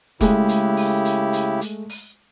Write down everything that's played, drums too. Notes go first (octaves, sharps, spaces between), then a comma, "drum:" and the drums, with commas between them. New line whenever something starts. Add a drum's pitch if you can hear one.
C#3 G#3 A3 E4 G4, drum: kick F1, hi-hat
drum: hi-hat
drum: open hi-hat
drum: hi-hat
drum: hi-hat
drum: hi-hat
drum: open hi-hat